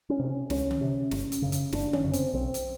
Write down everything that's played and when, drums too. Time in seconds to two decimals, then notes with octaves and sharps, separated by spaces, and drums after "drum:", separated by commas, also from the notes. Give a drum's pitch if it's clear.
0.10 C#4
0.19 C3
0.50 C#2 C#4, drum: snare
0.71 drum: tom D3
0.81 C3
1.11 G1, drum: snare
1.32 drum: hi-hat
1.42 F#2 C#3
1.52 drum: hi-hat
1.72 G1 D4, drum: snare
1.93 C#4, drum: tom D3
2.04 F#2 C#3
2.13 C4, drum: hi-hat
2.33 B1 C4
2.54 drum: hi-hat